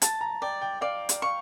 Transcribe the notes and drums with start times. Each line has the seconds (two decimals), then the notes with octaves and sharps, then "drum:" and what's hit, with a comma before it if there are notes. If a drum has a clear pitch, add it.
0.02 A5 A6, drum: hi-hat
0.21 A#5
0.42 D5 G5
0.62 G5
0.81 D5 F5
1.09 drum: hi-hat
1.22 F5 C#6